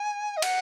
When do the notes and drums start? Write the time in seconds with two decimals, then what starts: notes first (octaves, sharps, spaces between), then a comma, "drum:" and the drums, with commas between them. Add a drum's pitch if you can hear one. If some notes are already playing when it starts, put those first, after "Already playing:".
Already playing: G#5
0.37 D#5
0.42 F#5, drum: cymbal